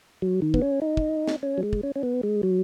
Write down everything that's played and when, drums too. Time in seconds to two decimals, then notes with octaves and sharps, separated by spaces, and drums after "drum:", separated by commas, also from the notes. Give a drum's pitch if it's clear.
0.22 F#3
0.42 D#3
0.54 B3, drum: kick
0.62 C#4
0.82 D#4
0.97 drum: kick
1.27 drum: snare
1.43 C#4
1.58 F#3
1.63 G#3
1.73 drum: kick
1.83 C#4
1.96 C#4
2.03 B3
2.23 G#3
2.43 F#3